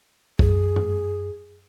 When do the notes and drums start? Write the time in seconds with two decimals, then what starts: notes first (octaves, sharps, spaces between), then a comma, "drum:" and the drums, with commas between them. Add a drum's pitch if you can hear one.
0.39 F#2 G#4, drum: kick
0.76 drum: tom G2